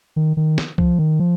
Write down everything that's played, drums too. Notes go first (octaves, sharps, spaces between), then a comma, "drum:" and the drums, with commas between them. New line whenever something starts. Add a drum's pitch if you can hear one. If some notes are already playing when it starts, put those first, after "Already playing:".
D#3
D#3
drum: snare
F3, drum: kick
D#3
F3